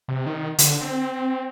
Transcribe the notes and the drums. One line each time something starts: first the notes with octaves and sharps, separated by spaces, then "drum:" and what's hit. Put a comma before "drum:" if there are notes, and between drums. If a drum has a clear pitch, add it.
C3
D#3
D3, drum: hi-hat
C4